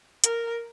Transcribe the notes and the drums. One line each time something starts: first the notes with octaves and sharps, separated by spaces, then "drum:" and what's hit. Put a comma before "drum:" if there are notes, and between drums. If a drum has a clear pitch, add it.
A#4, drum: hi-hat